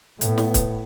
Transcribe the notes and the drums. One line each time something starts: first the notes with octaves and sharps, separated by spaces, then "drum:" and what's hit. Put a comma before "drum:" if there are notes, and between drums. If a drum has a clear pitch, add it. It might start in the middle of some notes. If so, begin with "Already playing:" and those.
A2 B3, drum: hi-hat
drum: snare
drum: kick C#1, hi-hat